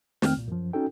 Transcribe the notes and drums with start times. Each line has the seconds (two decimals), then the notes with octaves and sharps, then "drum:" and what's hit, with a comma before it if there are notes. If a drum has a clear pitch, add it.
0.22 F2 D#3 A3 C4 G5 F6, drum: snare
0.35 C2 A#2
0.48 F#2 F3
0.73 C#4 D#4 F#4 A4 G5